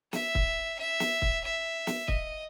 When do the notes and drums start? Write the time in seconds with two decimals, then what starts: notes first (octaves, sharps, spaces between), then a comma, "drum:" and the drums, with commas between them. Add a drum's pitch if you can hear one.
0.13 E5, drum: snare
0.35 drum: kick
0.79 E5
1.00 drum: snare
1.22 drum: kick
1.44 E5
1.87 drum: snare
2.08 D#5, drum: kick